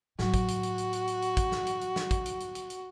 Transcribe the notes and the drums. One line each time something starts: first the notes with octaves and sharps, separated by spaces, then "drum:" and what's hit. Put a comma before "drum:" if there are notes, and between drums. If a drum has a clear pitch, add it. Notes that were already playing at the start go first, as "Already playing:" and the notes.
A2 F#3 F#4, drum: snare
drum: kick, hi-hat
drum: hi-hat
drum: hi-hat
drum: hi-hat
drum: hi-hat
drum: hi-hat
drum: hi-hat
drum: kick, hi-hat
drum: snare
drum: hi-hat
drum: hi-hat
drum: snare
drum: kick, hi-hat
drum: hi-hat
drum: hi-hat
drum: hi-hat
drum: hi-hat